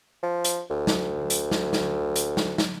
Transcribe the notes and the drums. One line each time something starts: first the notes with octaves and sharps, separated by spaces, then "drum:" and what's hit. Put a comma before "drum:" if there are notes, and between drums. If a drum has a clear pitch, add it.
F3
drum: hi-hat
D2
drum: snare
drum: hi-hat
drum: snare
drum: snare
drum: hi-hat
drum: snare
drum: snare